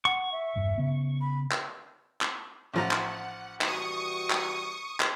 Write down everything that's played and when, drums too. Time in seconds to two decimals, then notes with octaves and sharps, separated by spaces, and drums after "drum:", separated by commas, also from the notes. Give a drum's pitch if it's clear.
0.05 F#5 C#6
0.32 E5
0.56 E1 G2
0.78 C#3 B3
1.21 B5
1.52 drum: clap
2.21 drum: clap
2.74 A1 F3 F#5 A#5
2.91 drum: clap
3.61 E3 G3 F#4 C#6 D#6, drum: clap
4.30 drum: clap
5.00 drum: clap